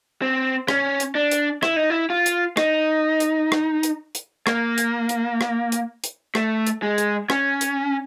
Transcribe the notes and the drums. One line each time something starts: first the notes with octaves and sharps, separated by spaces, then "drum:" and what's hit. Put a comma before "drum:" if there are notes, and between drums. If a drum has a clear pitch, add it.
C4
C#4, drum: rim click
drum: hi-hat
D4
drum: hi-hat
E4, drum: rim click
D#4
E4
F4
drum: hi-hat
D#4, drum: rim click
drum: hi-hat
drum: rim click
drum: hi-hat
drum: hi-hat
A#3, drum: rim click
drum: hi-hat
drum: hi-hat
drum: rim click
drum: hi-hat
drum: hi-hat
A3, drum: rim click
drum: hi-hat
G#3
drum: hi-hat
C#4, drum: rim click
drum: hi-hat